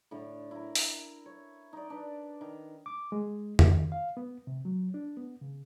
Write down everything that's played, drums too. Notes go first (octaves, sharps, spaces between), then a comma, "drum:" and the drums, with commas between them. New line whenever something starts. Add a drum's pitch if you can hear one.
A2 D3
E4 A#4
drum: open hi-hat
C#5
D#4 D5
D4 B4
D#3
D6
G#3
D#3, drum: tom F2
F5
B3
C3
F#3
D4
B3
C#3